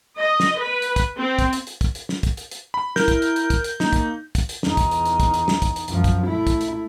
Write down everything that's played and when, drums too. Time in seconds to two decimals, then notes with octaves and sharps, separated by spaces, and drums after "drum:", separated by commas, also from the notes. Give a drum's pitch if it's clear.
0.17 D#5
0.40 drum: snare
0.58 B4
0.82 drum: hi-hat
0.96 drum: kick, hi-hat
1.16 C4
1.39 drum: kick, hi-hat
1.53 drum: hi-hat
1.67 drum: hi-hat
1.81 drum: kick, hi-hat
1.95 drum: hi-hat
2.09 drum: snare
2.23 drum: kick, hi-hat
2.37 drum: hi-hat
2.51 drum: hi-hat
2.74 B5
2.96 E4 A#4 G6, drum: snare
3.08 drum: kick, hi-hat
3.22 drum: hi-hat
3.36 drum: hi-hat
3.50 drum: kick, hi-hat
3.64 drum: hi-hat
3.80 A#3 D#4, drum: snare
3.93 drum: kick, hi-hat
4.35 drum: kick, hi-hat
4.49 drum: hi-hat
4.63 E2 D#4, drum: snare
4.77 drum: kick, hi-hat
4.91 drum: hi-hat
5.05 drum: hi-hat
5.20 drum: kick, hi-hat
5.34 drum: hi-hat
5.48 drum: snare
5.62 drum: kick, hi-hat
5.76 drum: hi-hat
5.88 F#2 F3, drum: hi-hat
6.04 drum: kick, hi-hat
6.27 A3 E4
6.47 drum: kick, hi-hat
6.61 drum: hi-hat